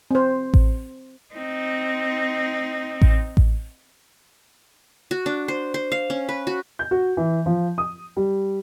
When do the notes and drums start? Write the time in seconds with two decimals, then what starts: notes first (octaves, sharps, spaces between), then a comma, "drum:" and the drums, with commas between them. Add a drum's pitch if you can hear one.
0.11 C4 C5
0.54 drum: kick A1
1.34 C4 D#4
3.02 drum: kick A1
3.37 drum: kick A1
5.11 F#4
5.26 D4
5.48 C5
5.74 C5
5.92 F5
6.10 C#4
6.29 B4
6.47 F#4
6.79 G6
6.91 F#4
7.17 E3
7.46 F3
7.78 D#6
8.17 G3